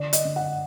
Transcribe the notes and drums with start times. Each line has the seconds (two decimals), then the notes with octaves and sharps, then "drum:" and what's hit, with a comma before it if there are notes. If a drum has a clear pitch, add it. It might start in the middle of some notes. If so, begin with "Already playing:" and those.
Already playing: D3 D5
0.13 D#5, drum: hi-hat
0.25 D3
0.36 F#5